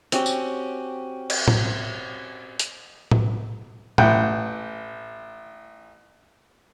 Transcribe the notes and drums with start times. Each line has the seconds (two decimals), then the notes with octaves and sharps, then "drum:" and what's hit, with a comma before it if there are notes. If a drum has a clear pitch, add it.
0.12 C4 C#4 F#4 G4, drum: hi-hat
0.26 drum: tambourine
1.30 drum: cymbal
1.48 drum: tom A2
2.59 drum: hi-hat
3.11 drum: tom A2
3.98 A1 F#5 G5, drum: tom A2